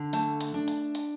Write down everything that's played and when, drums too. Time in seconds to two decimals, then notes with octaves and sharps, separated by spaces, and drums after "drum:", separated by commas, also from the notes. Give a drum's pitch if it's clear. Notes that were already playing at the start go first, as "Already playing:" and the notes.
Already playing: D3
0.13 A3 A5, drum: hi-hat
0.41 drum: hi-hat
0.54 D4
0.68 drum: hi-hat
0.95 drum: hi-hat